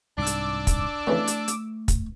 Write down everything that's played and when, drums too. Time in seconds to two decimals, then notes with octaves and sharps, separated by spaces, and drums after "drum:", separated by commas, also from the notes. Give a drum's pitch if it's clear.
0.18 C2 G#2 D4 D6 E6
0.27 drum: hi-hat
0.67 drum: kick, hi-hat
1.07 F2 C#3 E3 A3
1.27 drum: hi-hat
1.48 drum: hi-hat
1.88 drum: kick, hi-hat